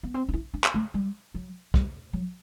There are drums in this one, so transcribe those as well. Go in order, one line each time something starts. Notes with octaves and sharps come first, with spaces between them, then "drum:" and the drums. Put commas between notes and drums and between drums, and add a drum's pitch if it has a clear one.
B3
C4
D4
E4
D4
drum: clap
A3
G3
F#3
G3, drum: kick
F#3